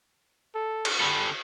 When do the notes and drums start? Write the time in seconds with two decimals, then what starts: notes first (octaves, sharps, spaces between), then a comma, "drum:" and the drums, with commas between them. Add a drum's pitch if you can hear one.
0.55 A4
0.85 drum: cymbal
1.00 D3 G4 A4 B5